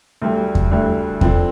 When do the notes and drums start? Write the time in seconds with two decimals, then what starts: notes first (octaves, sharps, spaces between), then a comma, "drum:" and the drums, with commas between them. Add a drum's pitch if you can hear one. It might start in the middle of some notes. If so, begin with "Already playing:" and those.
0.22 D2 D3 G3
0.55 drum: kick E2
0.71 D2 D3 G3
1.21 D3 F3 C4, drum: kick E2